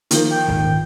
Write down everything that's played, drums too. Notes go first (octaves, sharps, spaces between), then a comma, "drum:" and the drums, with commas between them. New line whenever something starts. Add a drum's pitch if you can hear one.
D#3 F3 A#3, drum: hi-hat
G5
D#1 G#1 A#2